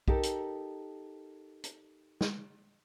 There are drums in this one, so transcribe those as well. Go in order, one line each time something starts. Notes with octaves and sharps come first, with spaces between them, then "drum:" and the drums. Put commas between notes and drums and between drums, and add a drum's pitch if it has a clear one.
D#4 G4 A4 A#4, drum: kick B1
drum: hi-hat
drum: hi-hat
drum: snare